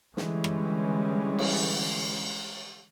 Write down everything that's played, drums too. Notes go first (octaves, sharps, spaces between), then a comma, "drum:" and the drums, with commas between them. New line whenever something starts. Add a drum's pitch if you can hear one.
D3 E3 G3 G#3 C#4, drum: snare
drum: rim click
drum: cymbal